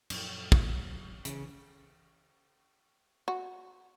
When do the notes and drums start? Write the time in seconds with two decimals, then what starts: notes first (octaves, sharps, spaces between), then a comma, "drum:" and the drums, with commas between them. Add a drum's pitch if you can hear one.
0.10 F#2 A#2 F3, drum: cymbal
0.52 drum: kick
1.25 C#3 E3, drum: hi-hat
3.28 F#4